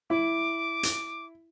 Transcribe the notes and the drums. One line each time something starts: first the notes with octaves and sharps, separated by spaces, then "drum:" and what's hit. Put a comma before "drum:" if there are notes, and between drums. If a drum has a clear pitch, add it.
E4 D6
drum: hi-hat